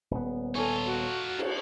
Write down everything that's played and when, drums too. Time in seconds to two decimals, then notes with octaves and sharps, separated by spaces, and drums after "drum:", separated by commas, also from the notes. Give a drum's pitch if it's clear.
0.11 D#1 B3
0.55 D#4 F4 A4 C#5 G#5
0.86 F#4
1.38 drum: cymbal